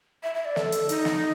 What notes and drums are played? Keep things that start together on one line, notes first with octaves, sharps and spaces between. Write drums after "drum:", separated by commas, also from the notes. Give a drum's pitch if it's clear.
E5
E5
D5
A4, drum: snare
drum: hi-hat
D#4, drum: hi-hat
drum: snare